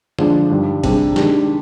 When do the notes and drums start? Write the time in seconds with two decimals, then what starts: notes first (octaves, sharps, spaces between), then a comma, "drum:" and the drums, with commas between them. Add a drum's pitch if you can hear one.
0.19 D3 F3 G#3 D4, drum: tom D3
0.50 G2 D#3 G3
0.84 C3 G3 D4 G#4, drum: kick G#1, cymbal
1.16 D#3 G#3 D4 G4, drum: snare